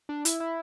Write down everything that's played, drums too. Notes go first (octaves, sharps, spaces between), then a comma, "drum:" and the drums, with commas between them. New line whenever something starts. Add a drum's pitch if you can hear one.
D4
E4, drum: hi-hat
E4